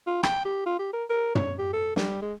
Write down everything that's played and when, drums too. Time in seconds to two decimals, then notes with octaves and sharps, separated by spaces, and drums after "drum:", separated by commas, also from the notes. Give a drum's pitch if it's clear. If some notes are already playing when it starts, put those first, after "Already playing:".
0.07 F4
0.23 G5, drum: rim click
0.45 G4
0.66 F4
0.79 G4
0.93 A#4
1.10 A#4
1.35 C#5, drum: tom
1.59 G4
1.73 A4
1.96 G3, drum: snare
2.22 G#3